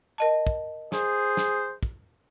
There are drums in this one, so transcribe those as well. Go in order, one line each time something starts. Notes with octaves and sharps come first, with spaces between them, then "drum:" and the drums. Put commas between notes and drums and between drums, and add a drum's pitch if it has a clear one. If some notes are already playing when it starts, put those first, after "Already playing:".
A#4 D#5 A5
drum: kick
G#4 C5, drum: snare
drum: snare
drum: kick